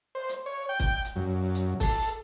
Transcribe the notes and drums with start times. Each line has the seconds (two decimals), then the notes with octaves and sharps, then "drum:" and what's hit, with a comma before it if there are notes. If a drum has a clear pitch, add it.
0.15 C5
0.29 drum: hi-hat
0.46 C#5
0.69 G5
0.80 drum: kick, hi-hat
1.05 drum: hi-hat
1.16 F#2
1.55 drum: hi-hat
1.80 A4, drum: kick, open hi-hat